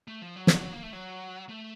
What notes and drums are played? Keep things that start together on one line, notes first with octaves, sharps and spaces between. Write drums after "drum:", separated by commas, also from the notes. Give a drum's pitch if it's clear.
A3
F3
F#3
drum: snare
A#3
A3
F#3
A3